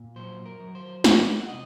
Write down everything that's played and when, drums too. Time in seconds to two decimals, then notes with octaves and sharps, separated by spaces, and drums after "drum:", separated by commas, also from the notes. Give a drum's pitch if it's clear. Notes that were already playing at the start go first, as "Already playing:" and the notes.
Already playing: A#2
0.16 F#3 C5
0.46 A#4
0.60 F#3
0.75 C5
1.04 G3 D5, drum: snare
1.40 F#5
1.49 C3 D#5